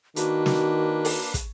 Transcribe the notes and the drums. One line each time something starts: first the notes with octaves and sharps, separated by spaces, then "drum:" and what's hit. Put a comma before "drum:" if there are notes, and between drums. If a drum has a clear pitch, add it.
D#3 A#3 D4 F#4 B4, drum: hi-hat
drum: snare
drum: open hi-hat
drum: kick, hi-hat